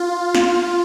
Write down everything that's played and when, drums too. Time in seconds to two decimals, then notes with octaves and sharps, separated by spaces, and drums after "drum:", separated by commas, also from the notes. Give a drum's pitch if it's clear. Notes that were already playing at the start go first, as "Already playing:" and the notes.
Already playing: F4
0.35 drum: snare